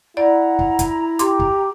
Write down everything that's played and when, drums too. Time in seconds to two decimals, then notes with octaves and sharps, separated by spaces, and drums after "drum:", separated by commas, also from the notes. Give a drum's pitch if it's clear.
0.17 E4 D5 F#5 A#5
0.59 drum: kick
0.79 drum: kick, hi-hat
1.19 G4 C6 D6, drum: hi-hat
1.39 drum: kick